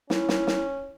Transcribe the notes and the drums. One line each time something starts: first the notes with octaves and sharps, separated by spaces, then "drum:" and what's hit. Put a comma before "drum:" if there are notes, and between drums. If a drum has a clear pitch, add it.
C#4 E4, drum: snare
drum: snare
drum: snare